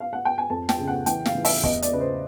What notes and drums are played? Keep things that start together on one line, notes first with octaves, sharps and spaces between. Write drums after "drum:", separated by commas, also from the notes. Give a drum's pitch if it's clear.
F5
F#5
G5
G#5
F2 A5
G5, drum: snare
C#3
F#5
E3 G5, drum: hi-hat
F5, drum: snare
E3
E5, drum: open hi-hat
E2 D#5, drum: kick
D5, drum: hi-hat
C#3 B4
C5